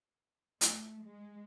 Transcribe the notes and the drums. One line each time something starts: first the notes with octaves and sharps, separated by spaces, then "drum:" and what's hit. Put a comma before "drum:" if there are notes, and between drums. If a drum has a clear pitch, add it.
A3, drum: hi-hat
G#3